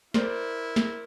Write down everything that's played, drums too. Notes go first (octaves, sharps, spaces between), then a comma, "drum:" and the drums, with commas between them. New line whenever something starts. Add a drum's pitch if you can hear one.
E4 A#4 C5 D5, drum: snare
drum: snare